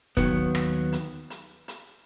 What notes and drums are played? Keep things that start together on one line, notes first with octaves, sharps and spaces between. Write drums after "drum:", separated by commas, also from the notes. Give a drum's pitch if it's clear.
D#2 D#3 F#3 B3, drum: kick, hi-hat
drum: rim click
drum: hi-hat
drum: hi-hat
drum: hi-hat